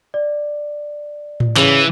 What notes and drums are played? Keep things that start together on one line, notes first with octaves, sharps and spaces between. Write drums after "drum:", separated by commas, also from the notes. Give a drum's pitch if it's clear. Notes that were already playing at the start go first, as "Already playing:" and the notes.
D5
drum: tom A2
C#3 E3, drum: clap